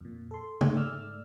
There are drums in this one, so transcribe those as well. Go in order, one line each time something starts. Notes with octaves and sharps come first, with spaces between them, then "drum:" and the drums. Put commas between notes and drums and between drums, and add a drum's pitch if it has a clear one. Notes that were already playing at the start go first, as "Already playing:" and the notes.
F2 A#2
A4 C6
G#3, drum: tom
G#2 A3 D5 E6 F6